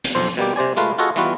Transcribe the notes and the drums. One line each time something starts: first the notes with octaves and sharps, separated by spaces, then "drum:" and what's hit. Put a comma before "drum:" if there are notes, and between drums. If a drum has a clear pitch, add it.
drum: hi-hat
B1 F2 C5
B2 G3 A#3 G4
C3 C5 D5 G#5
G#3 A3 F4 B4 F5
F4 F#4 G#4 A4 D#5 F#5
E3 G3 B3 F4 F#4